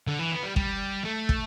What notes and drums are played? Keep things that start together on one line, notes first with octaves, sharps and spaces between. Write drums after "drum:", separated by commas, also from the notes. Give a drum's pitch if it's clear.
D3
E3
B3
G3
G3, drum: kick
A3
drum: kick